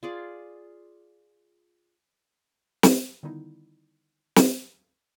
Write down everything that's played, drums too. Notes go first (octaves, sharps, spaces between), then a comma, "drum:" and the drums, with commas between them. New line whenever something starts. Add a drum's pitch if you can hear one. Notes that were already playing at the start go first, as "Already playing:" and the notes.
F4 G#4 D5
drum: snare
D3 D#3 G3 B3 D#4 E4
drum: snare